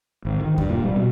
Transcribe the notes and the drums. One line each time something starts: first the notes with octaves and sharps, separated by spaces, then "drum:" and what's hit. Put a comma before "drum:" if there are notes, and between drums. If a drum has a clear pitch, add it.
G#1
D#3
G2, drum: kick E2
A#2
G3
B2